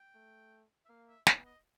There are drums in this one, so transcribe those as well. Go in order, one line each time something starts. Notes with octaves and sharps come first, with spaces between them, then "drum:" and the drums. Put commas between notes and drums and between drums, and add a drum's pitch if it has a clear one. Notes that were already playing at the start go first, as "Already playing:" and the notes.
Already playing: G5
A3
E5
A#3 F5
E5
B3 D#5, drum: snare
D#5